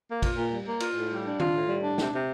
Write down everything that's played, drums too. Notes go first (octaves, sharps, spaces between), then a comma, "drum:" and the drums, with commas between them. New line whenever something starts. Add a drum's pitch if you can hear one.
A#3
F4, drum: kick, cymbal
A#2
G3
A#3
F4, drum: cymbal
A2
G3
D4
F4, drum: tom D#3
A2
G3
D4
C3, drum: snare
C3